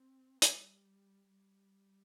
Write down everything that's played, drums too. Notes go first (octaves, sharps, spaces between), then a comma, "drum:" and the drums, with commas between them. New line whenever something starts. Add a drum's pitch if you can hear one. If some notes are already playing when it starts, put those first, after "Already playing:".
Already playing: C4
G3, drum: hi-hat
G3